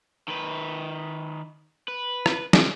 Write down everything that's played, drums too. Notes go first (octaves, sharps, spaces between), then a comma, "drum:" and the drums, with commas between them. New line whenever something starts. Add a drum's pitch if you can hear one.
D#3 B4
B4
drum: rim click
drum: snare